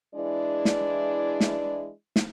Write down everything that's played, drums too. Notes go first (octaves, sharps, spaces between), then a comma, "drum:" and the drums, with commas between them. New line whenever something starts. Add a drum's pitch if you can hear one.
E3 G#3 D4 E4 G#4 D5
drum: snare
drum: snare
drum: snare